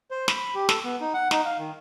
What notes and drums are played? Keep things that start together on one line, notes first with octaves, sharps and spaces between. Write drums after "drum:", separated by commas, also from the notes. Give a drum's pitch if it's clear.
C5
B5, drum: snare
G4
A4, drum: snare
B3
D#4
F#5
D#4, drum: snare
F5
D#3